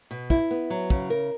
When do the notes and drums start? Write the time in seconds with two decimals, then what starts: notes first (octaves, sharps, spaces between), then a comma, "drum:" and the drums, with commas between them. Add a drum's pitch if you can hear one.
0.11 B2
0.30 E4, drum: kick
0.51 B3
0.70 F#3
0.90 C#3, drum: kick
1.10 A#4